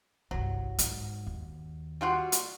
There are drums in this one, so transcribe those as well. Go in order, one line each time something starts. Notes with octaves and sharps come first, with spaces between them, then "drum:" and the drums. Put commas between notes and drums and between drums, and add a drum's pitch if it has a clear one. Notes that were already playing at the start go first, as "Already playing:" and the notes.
G1 C2 F#3
G#2, drum: hi-hat
D#2
G3 F4 F#4
drum: hi-hat